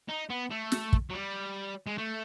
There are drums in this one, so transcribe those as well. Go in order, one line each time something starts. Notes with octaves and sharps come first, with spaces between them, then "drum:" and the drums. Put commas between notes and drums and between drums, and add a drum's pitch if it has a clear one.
D#4
B3
A3
drum: snare
drum: kick
F#3
G3
G#3
A3